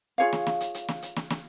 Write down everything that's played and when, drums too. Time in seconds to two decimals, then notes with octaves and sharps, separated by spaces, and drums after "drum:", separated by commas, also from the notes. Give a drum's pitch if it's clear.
0.18 F4 G#4 C#5 F5
0.33 drum: snare
0.47 drum: snare
0.60 drum: hi-hat
0.74 drum: hi-hat
0.88 drum: snare
1.02 drum: hi-hat
1.16 drum: snare
1.30 drum: snare